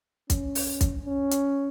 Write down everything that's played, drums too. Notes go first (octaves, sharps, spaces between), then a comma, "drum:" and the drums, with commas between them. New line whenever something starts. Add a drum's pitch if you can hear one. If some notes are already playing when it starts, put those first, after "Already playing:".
C#4, drum: kick, hi-hat
drum: open hi-hat
drum: kick, hi-hat
C#4
drum: hi-hat